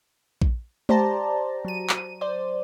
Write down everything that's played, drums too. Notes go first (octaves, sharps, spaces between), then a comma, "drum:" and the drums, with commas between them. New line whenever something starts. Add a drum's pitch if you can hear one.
drum: kick A#1
G4 C5 D5 A5 A#5, drum: tom G#3
F#3 D#7
drum: clap
C5 D5